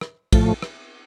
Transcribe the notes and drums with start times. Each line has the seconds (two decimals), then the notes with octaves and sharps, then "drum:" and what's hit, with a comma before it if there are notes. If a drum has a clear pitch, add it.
0.01 drum: rim click
0.33 A2 F3 A3, drum: kick, cymbal
0.62 drum: rim click